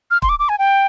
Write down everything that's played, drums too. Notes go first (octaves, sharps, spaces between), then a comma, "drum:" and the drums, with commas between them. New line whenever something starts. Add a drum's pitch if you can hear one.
F6
C6, drum: kick
D6
D6
G#5
G5